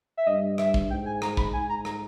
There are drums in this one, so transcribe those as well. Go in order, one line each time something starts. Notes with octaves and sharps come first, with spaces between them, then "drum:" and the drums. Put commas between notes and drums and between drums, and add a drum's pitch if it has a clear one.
E5
G2 D#5
E5, drum: rim click
drum: kick
G#2 G5
G#5
A#5, drum: rim click
B5, drum: kick
G#2 G#5
A#5
A#5, drum: rim click